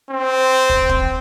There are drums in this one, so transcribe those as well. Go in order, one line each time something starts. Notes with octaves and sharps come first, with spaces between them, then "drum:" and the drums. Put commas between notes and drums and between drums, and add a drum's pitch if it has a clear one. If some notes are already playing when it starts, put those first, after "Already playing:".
C4
drum: kick
drum: kick